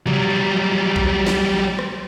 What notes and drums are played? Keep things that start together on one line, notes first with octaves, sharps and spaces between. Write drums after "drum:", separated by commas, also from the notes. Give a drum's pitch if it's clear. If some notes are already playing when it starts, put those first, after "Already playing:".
F#3 G3, drum: tom C3
drum: kick A#1
drum: snare
drum: rim click